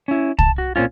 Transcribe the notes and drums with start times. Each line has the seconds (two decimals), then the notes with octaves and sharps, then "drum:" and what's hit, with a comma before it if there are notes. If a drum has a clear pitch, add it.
0.08 C#4 E4
0.39 A5, drum: kick C2
0.58 F#4
0.76 A#2 C#3 C4 C#4 F4